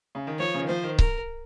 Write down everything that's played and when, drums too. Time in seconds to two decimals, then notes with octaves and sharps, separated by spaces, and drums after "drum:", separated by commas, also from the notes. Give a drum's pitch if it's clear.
0.15 C#3
0.27 D#3
0.39 F3 C#5
0.54 C#3
0.62 D#3
0.68 F3 C5
0.83 D#3
0.99 A#4, drum: kick C#1